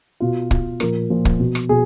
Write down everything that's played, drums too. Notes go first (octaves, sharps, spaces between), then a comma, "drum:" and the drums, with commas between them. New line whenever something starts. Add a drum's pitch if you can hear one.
B2 F4
B2 F4, drum: kick
A#2 F3 A#4, drum: rim click
A#2 F3
drum: kick
B2
drum: rim click
B2 G#4